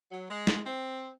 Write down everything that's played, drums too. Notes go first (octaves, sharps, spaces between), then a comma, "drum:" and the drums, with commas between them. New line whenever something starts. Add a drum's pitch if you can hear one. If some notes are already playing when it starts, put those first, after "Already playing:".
F#3
G#3
drum: snare
C4